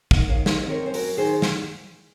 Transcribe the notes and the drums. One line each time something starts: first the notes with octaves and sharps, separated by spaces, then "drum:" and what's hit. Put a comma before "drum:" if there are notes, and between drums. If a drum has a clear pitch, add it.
D#3 D#5 F#5, drum: kick
D#3 C#5 F5
D#3 C5 D#5, drum: snare
C4
A#4 C#5
F#2 C5
F#4 A#4, drum: open hi-hat
F#3
D#3 G#4 C5
drum: snare